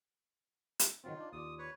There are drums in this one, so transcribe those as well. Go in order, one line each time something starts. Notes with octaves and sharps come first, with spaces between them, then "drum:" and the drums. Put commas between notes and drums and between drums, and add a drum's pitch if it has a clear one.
drum: hi-hat
D#3 F#3 C4 F4
D4 D#4
D#2 F4 D5 D#6
B4 C#5